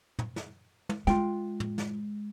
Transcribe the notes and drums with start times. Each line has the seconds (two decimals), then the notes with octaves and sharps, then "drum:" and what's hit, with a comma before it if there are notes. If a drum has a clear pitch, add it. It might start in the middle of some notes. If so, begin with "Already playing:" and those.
0.19 drum: tom
0.36 drum: snare
0.89 drum: tom
1.07 G#3 F4 G5, drum: snare
1.60 drum: tom
1.78 drum: snare